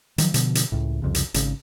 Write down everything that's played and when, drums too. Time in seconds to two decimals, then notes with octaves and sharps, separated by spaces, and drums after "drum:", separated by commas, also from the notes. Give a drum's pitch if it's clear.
0.18 D#3 F3 F#3, drum: hi-hat
0.34 B2 D3 F3, drum: hi-hat
0.55 drum: hi-hat
0.72 C#2 A2
1.02 C2 F2 C#3
1.15 drum: hi-hat
1.34 G#1 C#3, drum: hi-hat